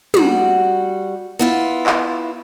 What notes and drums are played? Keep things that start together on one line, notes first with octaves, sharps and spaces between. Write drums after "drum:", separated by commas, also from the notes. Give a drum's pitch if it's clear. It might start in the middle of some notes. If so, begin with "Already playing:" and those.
G3 F#4, drum: tom
B3 E4 F4
drum: clap